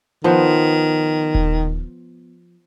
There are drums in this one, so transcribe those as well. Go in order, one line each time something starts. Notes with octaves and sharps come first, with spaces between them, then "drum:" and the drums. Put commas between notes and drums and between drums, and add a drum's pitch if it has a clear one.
D#3 F3 B3
drum: kick D#1